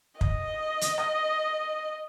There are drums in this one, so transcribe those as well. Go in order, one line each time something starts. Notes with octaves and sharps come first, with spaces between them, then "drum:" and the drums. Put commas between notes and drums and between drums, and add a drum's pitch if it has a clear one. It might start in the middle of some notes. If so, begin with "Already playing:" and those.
D#5, drum: kick
drum: hi-hat
drum: rim click